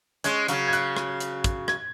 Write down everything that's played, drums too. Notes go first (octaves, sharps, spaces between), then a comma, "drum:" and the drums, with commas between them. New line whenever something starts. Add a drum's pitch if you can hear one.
G#3 C#4 G#6, drum: hi-hat
C#3 F#3, drum: hi-hat
G#6
F#6, drum: hi-hat
drum: rim click
drum: hi-hat
drum: kick, hi-hat
G#6, drum: rim click